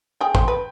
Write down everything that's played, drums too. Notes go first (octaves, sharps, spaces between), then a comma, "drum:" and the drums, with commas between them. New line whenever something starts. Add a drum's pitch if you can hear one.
G#4 G5
C5, drum: kick
B4